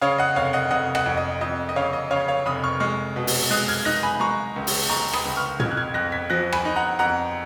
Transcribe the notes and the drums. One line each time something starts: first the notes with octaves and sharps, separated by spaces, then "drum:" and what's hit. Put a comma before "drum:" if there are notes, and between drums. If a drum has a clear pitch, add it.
C#3 C#5 F5
D#5 F#5
F1 C#5 F5
D#5 F#5
F1 D#5 F#5
D#5 F#5, drum: rim click
F2
D#5
F2 D#5
D#5
C#3 C#5 F5
D#5
C#3 C#5 F5
C#5 F5
F1 B5 D#6
C#6 F6
G#3 C#6 F6
B2
drum: open hi-hat
G#3 D#6 F#6
F6 G#6
D#4 F#6 A#6
G#5 B5
G#3 A#5 C#6
C#2
drum: open hi-hat
G#3 A#5 C#6
B5 D#6, drum: rim click
C#2
C#6 F6
F2 F6 G#6, drum: tom
F#6
F6 G#6
F2 F#6 A#6
G#6 B6
F3 F#6 A#6
G#5 B5, drum: rim click
D#4
F#5 A#5
F2 F#5 A#5